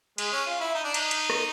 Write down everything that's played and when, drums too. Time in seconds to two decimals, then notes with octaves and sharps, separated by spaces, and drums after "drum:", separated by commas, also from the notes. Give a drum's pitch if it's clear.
0.18 G#3, drum: cymbal
0.32 C#4
0.46 F4
0.60 E4
0.75 D#4
0.84 D4
0.94 D#4, drum: cymbal
1.11 drum: cymbal
1.30 drum: rim click